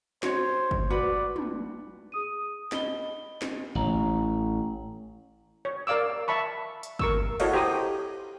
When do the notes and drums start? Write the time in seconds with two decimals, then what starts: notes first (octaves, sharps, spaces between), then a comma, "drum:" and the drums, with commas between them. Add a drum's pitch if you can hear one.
0.23 F#4 C5 C#5, drum: snare
0.71 drum: kick G1
0.90 F#4 B4 D5
1.36 drum: tom
2.12 G#4 D#6 D#7
2.72 D#5 B5 G7, drum: snare
3.42 drum: snare
3.75 A1 C#5 A#5 F#7
5.65 C#5
5.87 A#4 D5 F5 D6 E6
6.28 E5 A5 B5 C#6
6.83 drum: hi-hat
6.99 A#4 C#6 E6, drum: kick G1
7.40 E4 F#4 A4 C#5 D#5 F5, drum: cymbal
7.53 G4 C5 G5 A#5 D#6